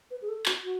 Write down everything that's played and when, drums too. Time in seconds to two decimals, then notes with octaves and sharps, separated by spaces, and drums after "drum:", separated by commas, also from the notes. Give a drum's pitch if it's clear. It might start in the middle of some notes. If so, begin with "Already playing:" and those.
0.11 B4
0.22 G#4
0.28 A4
0.46 F#4, drum: clap
0.64 F#4